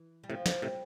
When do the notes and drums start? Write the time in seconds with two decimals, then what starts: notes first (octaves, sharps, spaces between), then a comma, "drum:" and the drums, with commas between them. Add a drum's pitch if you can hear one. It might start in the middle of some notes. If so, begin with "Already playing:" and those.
Already playing: E3
0.23 G3
0.30 A2 C3 F3
0.46 B2 D3, drum: snare
0.62 A2 C3 G3